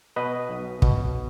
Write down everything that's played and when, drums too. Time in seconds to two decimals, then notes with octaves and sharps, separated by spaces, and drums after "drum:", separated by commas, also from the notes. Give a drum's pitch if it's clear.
0.16 B2 B4 D#5
0.49 B1
0.82 B2, drum: kick